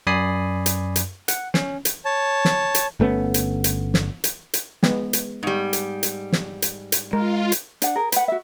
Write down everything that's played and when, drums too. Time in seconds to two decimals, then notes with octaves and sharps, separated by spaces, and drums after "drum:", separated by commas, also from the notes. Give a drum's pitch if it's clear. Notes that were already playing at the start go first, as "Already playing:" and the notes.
0.07 F#2 D5 G#5 B5 D#6 C7
0.66 drum: hi-hat
0.96 drum: hi-hat
1.28 F#5, drum: hi-hat
1.54 C#4, drum: snare
1.85 drum: hi-hat
2.05 C#5 A5
2.45 drum: snare
2.75 drum: hi-hat
3.00 G1 A3 B3 C#4
3.34 drum: hi-hat
3.64 drum: hi-hat
3.94 drum: snare
4.24 drum: hi-hat
4.54 drum: hi-hat
4.83 G#3 B3, drum: snare
5.13 drum: hi-hat
5.43 G#2 G3
5.73 drum: hi-hat
6.03 drum: hi-hat
6.32 drum: snare
6.62 drum: hi-hat
6.92 drum: hi-hat
7.13 G#3 F4 A#4
7.52 drum: hi-hat
7.82 D4 F#5, drum: hi-hat
7.95 G#4 A#4
8.12 B4 F#5, drum: hi-hat
8.28 F#4 E5